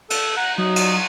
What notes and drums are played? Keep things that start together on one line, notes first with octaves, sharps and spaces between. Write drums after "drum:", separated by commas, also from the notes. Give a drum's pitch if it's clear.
A4, drum: cymbal
F#5 A#5
F#3 D#4
drum: cymbal